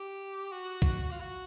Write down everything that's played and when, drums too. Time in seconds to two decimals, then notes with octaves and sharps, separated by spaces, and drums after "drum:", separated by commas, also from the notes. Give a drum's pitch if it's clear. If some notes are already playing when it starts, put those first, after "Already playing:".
Already playing: G4
0.52 F#4
0.82 drum: kick B1
1.11 F4
1.20 F#4